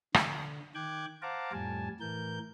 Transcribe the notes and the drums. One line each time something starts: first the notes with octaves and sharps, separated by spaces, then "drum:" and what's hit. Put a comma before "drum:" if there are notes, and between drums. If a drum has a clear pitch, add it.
D3, drum: rim click
D#3 G5 D6 F#6 G#6
C5 F5 F#5 A5 A#5 D6
F2 A2 G3 G#5 A5
A2 E3 A#4 G6